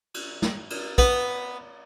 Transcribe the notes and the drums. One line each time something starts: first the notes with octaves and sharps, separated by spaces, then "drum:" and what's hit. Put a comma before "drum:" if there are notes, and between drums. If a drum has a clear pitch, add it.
drum: cymbal
drum: snare
drum: cymbal
B3, drum: kick